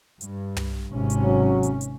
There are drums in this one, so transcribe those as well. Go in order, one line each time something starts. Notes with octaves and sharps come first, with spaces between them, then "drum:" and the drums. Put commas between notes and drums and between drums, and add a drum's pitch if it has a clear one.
G2, drum: hi-hat
drum: tom
G#1 C3 C#4
drum: hi-hat
F#3
drum: hi-hat
drum: hi-hat